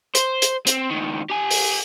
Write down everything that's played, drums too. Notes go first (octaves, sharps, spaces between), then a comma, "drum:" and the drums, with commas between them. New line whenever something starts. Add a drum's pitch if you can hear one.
C5, drum: hi-hat
drum: hi-hat
C4, drum: hi-hat
C#2 D#3
G4 G#5
drum: open hi-hat